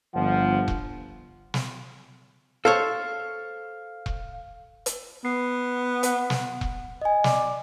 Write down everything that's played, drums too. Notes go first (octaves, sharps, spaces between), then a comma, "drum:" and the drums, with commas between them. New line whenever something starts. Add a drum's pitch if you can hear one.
G1 F3 F#5
drum: kick E1
drum: snare
A4 C5 C#5 F5
drum: kick E1
drum: hi-hat
B3 C7
F#5, drum: hi-hat
drum: snare
drum: kick E1
D#5 G#5
D5, drum: snare